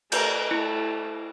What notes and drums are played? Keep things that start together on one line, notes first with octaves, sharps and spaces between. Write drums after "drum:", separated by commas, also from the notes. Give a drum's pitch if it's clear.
A3 A#4 B4 G6, drum: cymbal
A3 E4